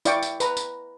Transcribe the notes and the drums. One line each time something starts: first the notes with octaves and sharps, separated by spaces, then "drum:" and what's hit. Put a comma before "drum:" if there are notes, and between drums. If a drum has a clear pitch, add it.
E4 D5 F5 G5 C#6 D6, drum: tambourine
drum: tambourine
B4 A#5, drum: tambourine
drum: tambourine